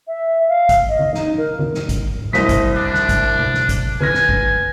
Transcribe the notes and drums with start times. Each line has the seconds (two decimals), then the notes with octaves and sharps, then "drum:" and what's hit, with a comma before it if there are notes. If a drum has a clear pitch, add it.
0.07 E5
0.48 F5
0.69 drum: kick, hi-hat
0.88 D#5
0.99 drum: tom D3
1.14 D#4, drum: snare
1.37 A#4
1.59 drum: tom D3
1.74 drum: snare
1.89 drum: kick, hi-hat
2.19 drum: tom A2
2.33 C2 C5 D#5 B6, drum: snare
2.49 drum: kick, hi-hat
2.75 D4
2.94 drum: snare
3.09 drum: kick, hi-hat
3.39 drum: tom B2
3.54 drum: snare
3.69 drum: kick, hi-hat
4.00 B4 G#5 F6 A#6, drum: tom D3
4.14 drum: snare
4.29 drum: kick